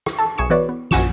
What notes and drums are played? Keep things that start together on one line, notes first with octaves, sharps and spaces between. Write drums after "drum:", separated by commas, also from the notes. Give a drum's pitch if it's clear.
drum: rim click
A4 A5
B1 G#4 C#6 C#7 E7
E3 B3 F#4 B4 C#5 D5
B3
A#1 F#2 F#5 G#5 C#6 E7, drum: snare